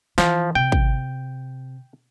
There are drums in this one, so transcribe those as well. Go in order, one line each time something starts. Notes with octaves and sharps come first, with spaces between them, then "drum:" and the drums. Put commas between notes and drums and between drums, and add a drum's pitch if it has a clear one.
E3 F3, drum: snare
C3 G5
drum: kick